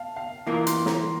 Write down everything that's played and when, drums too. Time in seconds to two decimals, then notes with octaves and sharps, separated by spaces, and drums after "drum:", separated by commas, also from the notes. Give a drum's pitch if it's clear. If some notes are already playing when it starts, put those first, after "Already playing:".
Already playing: F5 A5
0.16 F5
0.47 E3 A#3 F4 A#4 F5
0.67 C6, drum: hi-hat
0.86 A#5, drum: snare